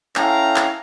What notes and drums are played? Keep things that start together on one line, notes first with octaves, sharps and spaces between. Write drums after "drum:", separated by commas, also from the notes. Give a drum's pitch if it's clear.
C#4 E4 A4 F5 G5 A#5, drum: clap
drum: clap